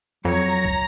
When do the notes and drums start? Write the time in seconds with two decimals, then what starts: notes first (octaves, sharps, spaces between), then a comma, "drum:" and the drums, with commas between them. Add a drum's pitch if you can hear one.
0.25 F2 F#3 C#5 A#5 A#6
0.64 drum: kick